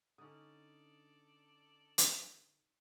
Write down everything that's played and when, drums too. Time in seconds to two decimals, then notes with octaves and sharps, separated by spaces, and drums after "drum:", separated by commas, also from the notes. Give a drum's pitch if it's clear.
0.18 D3 C#4 D#4 A4 D5 D#6
1.98 drum: hi-hat